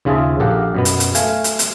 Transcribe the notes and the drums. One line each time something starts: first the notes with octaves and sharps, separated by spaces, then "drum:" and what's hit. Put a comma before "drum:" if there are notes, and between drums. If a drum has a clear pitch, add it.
D#2 C#3 F4 G#4 E5 A5
A#1 G4 A4 A#4 F5 F#5
F#2 B2 B3
drum: hi-hat
drum: hi-hat
A3 F5 G#5, drum: hi-hat
drum: hi-hat
drum: hi-hat